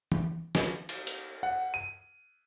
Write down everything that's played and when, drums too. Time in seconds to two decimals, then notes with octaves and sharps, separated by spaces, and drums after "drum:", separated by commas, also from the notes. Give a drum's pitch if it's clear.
0.12 drum: tom
0.55 drum: snare
0.89 drum: cymbal
1.07 drum: hi-hat
1.43 F#5
1.74 D#7